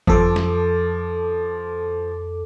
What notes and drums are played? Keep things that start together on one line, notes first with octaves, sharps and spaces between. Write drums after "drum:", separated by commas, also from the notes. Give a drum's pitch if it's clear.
F2 F3 A4 D6, drum: kick
drum: snare